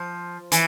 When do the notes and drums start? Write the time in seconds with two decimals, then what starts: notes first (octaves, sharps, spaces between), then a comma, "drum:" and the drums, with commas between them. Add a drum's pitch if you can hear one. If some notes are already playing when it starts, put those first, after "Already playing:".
Already playing: F3
0.52 E3, drum: hi-hat